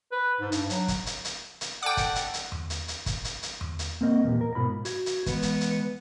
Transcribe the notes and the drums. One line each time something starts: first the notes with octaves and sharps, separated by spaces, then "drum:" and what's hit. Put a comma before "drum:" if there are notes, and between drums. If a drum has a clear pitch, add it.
B4
G#2
G2, drum: hi-hat
F#3, drum: hi-hat
drum: kick, hi-hat
drum: hi-hat
drum: hi-hat
drum: hi-hat
A4 D5 F#5 G5 D6
drum: kick, hi-hat
drum: hi-hat
drum: hi-hat
drum: tom E2
drum: hi-hat
drum: hi-hat
drum: kick, hi-hat
drum: hi-hat
drum: hi-hat
drum: tom E2
drum: hi-hat
A#3 C4 A#4 D#5
E2 A#2 G4
A#4
G#2 B2 F4 B5
F#4 G#6, drum: hi-hat
drum: hi-hat
E3 G#3 B3, drum: kick, hi-hat
drum: hi-hat
drum: hi-hat